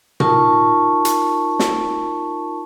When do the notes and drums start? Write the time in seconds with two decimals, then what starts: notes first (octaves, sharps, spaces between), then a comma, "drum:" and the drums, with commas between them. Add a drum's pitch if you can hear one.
0.20 D#4 F4 A#4 A5 C#6, drum: tom A#2
1.05 drum: hi-hat
1.59 drum: snare